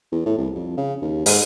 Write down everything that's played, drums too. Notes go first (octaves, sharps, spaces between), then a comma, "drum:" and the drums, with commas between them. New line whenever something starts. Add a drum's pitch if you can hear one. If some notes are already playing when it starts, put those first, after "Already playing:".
E2
A2
C2
F2
C#3
D#2
G#2, drum: open hi-hat